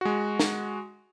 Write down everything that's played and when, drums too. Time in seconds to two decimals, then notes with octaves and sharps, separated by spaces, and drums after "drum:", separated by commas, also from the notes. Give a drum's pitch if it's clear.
0.01 G#3 F#4
0.40 drum: snare